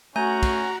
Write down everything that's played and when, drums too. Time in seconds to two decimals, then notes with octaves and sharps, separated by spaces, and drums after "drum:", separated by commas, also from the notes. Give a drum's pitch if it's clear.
0.16 A3 C#4 F#4 F#5 G#5 A#5 G6
0.43 drum: kick, cymbal